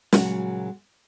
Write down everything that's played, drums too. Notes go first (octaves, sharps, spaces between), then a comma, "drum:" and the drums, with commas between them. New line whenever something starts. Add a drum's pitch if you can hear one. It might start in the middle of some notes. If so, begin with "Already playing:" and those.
A#2 C#3 F#3 G#3 C#4 F#4, drum: snare